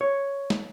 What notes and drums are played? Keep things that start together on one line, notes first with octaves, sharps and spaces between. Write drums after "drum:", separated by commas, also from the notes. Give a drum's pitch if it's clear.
C#5
drum: snare